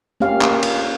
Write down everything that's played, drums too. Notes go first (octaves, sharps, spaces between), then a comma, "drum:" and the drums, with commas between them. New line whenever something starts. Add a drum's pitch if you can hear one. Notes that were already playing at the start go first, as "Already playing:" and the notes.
A#3 C#4 G4 F5
drum: clap
drum: cymbal